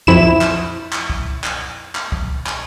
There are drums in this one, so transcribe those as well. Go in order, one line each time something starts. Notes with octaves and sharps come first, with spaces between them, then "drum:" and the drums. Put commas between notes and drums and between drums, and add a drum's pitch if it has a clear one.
F2 E4 E7, drum: kick
drum: clap
drum: clap
drum: kick
drum: clap
drum: clap
drum: kick
drum: clap